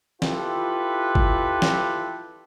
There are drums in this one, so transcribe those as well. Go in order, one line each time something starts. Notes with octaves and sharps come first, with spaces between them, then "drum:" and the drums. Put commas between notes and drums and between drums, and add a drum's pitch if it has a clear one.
E4 F4 G4 A4 B4, drum: snare
drum: kick G#1
drum: snare